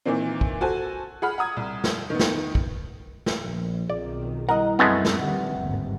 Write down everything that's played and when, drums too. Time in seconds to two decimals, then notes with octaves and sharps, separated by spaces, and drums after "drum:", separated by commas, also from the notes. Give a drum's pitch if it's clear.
0.06 A#2 D#3 E3 A#3 C4
0.41 drum: kick
0.61 F#4 A4 C5 G#5
1.22 G#4 F#5 B5 F6
1.38 F#5 A#5 D#6 G#6
1.57 C2
1.84 drum: snare
2.10 D#3 B3
2.19 drum: snare
2.55 drum: kick
3.26 drum: snare
3.43 A#1
3.90 B1 D#3 C4 F4 G#4 D5
4.49 G3 E4 A#4 D#5 F#5
4.79 F#2 G#3 A3 B3 C4 B4
5.05 drum: snare
5.21 A#1 D#3 G3 E5 F#5
5.58 G1 D#2 G#2